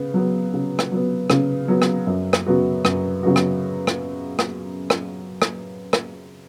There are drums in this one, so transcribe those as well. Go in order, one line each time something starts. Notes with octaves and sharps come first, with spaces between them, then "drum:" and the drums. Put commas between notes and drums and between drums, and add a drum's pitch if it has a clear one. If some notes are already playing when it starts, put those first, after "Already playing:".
Already playing: C#3 B3
F#3 B3
C#3
drum: rim click
F#3 B3
C#3, drum: rim click
F#3 B3
drum: rim click
F#2
drum: rim click
C#3 F#3 B3 F#4
F#2, drum: rim click
C#3 F#3 B3 F#4
drum: rim click
drum: rim click
drum: rim click
drum: rim click
drum: rim click
drum: rim click